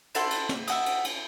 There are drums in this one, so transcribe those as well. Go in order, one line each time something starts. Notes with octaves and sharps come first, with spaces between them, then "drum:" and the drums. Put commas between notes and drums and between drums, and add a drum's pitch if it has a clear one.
E4 A4 F#5 C6, drum: cymbal
drum: cymbal
drum: snare
E5 F#5 D#6, drum: cymbal
drum: cymbal
drum: cymbal